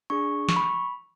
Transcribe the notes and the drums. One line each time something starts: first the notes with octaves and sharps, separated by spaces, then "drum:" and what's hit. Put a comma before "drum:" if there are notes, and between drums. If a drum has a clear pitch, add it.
D4 G#4 C#6
C#6, drum: snare
B5